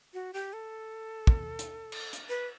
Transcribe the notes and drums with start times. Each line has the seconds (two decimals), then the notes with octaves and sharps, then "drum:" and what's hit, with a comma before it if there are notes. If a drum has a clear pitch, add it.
0.14 F#4
0.33 G4
0.53 A4
1.27 drum: kick
1.59 drum: hi-hat
1.92 drum: cymbal
2.13 drum: hi-hat
2.29 B4